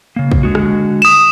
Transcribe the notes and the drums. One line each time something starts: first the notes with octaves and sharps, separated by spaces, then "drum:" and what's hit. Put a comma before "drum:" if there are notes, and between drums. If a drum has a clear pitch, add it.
C#3 A#3
drum: kick
D3 G#3 F#4
drum: rim click
D#6 E7